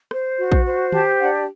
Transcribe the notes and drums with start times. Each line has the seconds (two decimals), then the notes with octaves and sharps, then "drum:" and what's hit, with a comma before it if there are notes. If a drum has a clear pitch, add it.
0.11 C5, drum: rim click
0.38 F#4
0.52 drum: kick A#1
0.65 C5
0.92 G4 A5, drum: tom D#3
1.20 D4 F#5